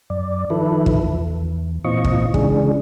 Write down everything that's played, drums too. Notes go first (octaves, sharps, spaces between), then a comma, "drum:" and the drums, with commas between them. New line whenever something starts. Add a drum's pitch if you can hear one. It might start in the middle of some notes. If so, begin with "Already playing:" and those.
F#2 D5
D#3 F3 E4 A4 B4
drum: kick
E2
A#2 E3 C4 F4 D#5 C#6
drum: kick
C#3 E3 G#3 D4 G#4, drum: kick